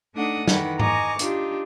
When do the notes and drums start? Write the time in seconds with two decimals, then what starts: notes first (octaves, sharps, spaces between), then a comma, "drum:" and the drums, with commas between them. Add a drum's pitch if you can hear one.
0.15 A3 D4 D#4 A4 F#5 D#6
0.48 D#3 E3 A4 B4 F#5, drum: snare
0.79 D#5 G#5 A#5 C#6 D6, drum: tom G#2
1.19 D4 D#4 F4 G4, drum: hi-hat